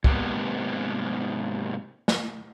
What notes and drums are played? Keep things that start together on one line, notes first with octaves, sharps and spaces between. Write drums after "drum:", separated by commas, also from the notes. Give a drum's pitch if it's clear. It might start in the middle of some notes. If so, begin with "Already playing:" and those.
G#2 C3 A#3 B3, drum: kick C2
drum: snare